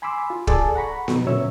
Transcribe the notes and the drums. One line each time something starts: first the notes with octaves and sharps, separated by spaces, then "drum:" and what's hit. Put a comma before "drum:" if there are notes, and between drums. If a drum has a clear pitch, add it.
G#5 B5 C6 D6 E6
F4
G#4 A4 D5 G#5 A5, drum: kick
F#5 A#5 B5 C#6
F2 B2, drum: snare B3
A#2 C#3 F#3 C#5 E5 E6